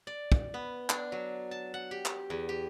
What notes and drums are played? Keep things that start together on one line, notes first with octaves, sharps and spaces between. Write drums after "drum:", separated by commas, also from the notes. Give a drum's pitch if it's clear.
D5
drum: kick
B3
D4, drum: clap
F#3
A5
F#5
G4
drum: clap
E2
G4